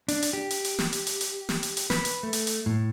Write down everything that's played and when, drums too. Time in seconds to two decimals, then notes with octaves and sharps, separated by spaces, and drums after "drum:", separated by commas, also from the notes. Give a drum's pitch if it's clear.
0.08 D4, drum: hi-hat
0.22 drum: hi-hat
0.33 G4
0.50 drum: hi-hat
0.65 drum: hi-hat
0.79 drum: snare
0.93 drum: hi-hat
1.07 drum: hi-hat
1.21 drum: hi-hat
1.49 drum: snare
1.63 drum: hi-hat
1.77 drum: hi-hat
1.90 B4, drum: snare
2.05 drum: hi-hat
2.23 A3
2.33 drum: hi-hat
2.47 drum: hi-hat
2.66 A2